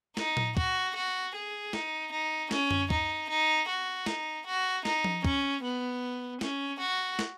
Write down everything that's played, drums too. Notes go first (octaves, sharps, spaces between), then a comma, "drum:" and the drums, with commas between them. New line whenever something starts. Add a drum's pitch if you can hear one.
D#4, drum: snare
drum: tom A#2
F#4, drum: kick
F#4
G#4
D#4, drum: snare
D#4
C#4, drum: snare
drum: tom F#2
D#4, drum: kick
D#4
F#4
D#4, drum: snare
F#4
D#4, drum: snare
drum: tom F3
C#4, drum: kick
B3
C#4, drum: snare
F#4
drum: snare